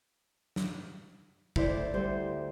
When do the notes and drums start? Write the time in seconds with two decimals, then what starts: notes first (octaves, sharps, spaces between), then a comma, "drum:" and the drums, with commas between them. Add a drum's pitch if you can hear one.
0.56 drum: snare
1.56 D2 E4 C5 D5, drum: kick
1.94 D2 G3 C5